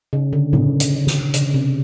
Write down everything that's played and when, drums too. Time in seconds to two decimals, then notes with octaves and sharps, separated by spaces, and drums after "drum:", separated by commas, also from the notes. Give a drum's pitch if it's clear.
0.13 C#3
0.33 D3
0.53 C#3, drum: tom A2
0.80 drum: hi-hat
1.07 drum: snare
1.34 C#3, drum: hi-hat
1.54 C3